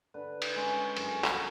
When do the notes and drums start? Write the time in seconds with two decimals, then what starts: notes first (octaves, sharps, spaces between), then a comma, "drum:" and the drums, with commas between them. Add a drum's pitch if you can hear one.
0.14 D3 B4
0.42 drum: cymbal
0.56 G#3 C#4
0.97 F#2 A4, drum: cymbal
1.24 drum: clap